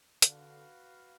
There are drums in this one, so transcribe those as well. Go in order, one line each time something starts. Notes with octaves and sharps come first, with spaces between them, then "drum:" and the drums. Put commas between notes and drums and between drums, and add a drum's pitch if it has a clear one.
D3 F#4 B4 F5, drum: hi-hat